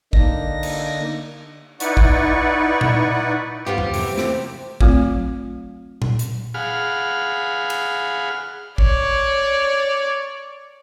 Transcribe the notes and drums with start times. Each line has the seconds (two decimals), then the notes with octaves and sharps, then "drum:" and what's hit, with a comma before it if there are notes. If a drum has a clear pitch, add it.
0.13 D3 A#3 D4 D#4 A#6, drum: kick
0.63 drum: cymbal
1.80 D#4 E4 B4 D5 F#5 C#6, drum: hi-hat
1.97 drum: kick
2.81 drum: tom A#2
3.67 G3 B3 F4 G4
3.78 drum: tom E2
3.94 C3 E3, drum: open hi-hat
4.17 drum: snare
4.81 F#3 A3 C4 F4, drum: kick
6.02 drum: tom A#2
6.19 drum: hi-hat
6.54 G#4 F5 F#5 B5 F6
7.70 drum: cymbal
8.78 C#5 D5, drum: kick